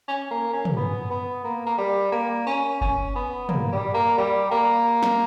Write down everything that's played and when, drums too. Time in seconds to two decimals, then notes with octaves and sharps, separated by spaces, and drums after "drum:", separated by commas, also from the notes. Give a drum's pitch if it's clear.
0.08 C#4
0.31 A#3
0.53 C#4
0.65 drum: tom
0.77 B3
1.10 B3
1.44 A#3
1.66 A#3
1.78 G3
2.12 A#3
2.46 C#4
2.81 C#4, drum: kick F#1
3.15 B3
3.49 A#3, drum: tom
3.72 G3
3.94 A#3
4.18 G3
4.51 A#3
5.03 drum: snare